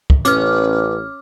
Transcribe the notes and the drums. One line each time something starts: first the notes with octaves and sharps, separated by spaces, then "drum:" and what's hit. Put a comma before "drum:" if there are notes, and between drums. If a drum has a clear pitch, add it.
drum: kick
A1 C#4 B4 D6 F6, drum: hi-hat